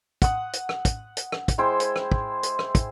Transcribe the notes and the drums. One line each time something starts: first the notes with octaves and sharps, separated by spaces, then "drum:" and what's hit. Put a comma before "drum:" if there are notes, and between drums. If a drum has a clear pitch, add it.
F#5 D#6, drum: kick, hi-hat
drum: hi-hat
drum: rim click
drum: kick, hi-hat
drum: hi-hat
drum: rim click
drum: kick, hi-hat
G#3 E4 C5 G5
drum: hi-hat
drum: rim click
drum: kick
drum: hi-hat
drum: rim click
drum: kick, hi-hat